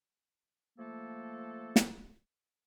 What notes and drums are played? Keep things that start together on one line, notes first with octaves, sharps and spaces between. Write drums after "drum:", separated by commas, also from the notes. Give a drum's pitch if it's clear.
F3 A3 A#3 A4
drum: snare